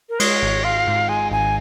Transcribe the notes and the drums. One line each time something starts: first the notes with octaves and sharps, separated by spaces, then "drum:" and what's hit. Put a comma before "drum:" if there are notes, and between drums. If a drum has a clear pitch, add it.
A#4
G#3 C#5, drum: cymbal
G#1
F4 F5
G#2
G#3 G#5
G#1 G#5